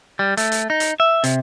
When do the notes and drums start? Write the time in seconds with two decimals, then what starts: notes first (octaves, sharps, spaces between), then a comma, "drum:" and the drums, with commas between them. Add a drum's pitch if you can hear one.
0.19 G3
0.37 A3, drum: hi-hat
0.52 drum: hi-hat
0.70 D#4
0.80 drum: hi-hat
1.00 E5
1.24 C3, drum: hi-hat